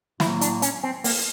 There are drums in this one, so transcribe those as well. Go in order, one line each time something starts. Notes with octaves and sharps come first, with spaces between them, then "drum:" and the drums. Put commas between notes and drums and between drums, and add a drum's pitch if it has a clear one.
A2 F#3 A#3 E4, drum: snare
D4, drum: hi-hat
C#4, drum: hi-hat
C4
A#3, drum: open hi-hat